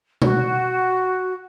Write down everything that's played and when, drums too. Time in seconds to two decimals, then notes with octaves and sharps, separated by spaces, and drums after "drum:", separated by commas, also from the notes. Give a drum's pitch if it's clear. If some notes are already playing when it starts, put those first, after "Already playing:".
0.22 F#4, drum: tom B2